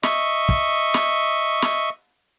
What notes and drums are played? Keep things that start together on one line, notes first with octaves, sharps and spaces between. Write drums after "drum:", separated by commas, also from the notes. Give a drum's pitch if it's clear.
D#5 E5 C#6, drum: snare
drum: kick
drum: snare
drum: snare